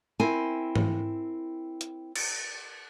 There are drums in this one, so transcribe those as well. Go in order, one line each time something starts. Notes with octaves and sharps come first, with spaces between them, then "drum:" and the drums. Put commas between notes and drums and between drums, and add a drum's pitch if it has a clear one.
C4 E4 A#4 G#5
drum: tom
drum: hi-hat
drum: cymbal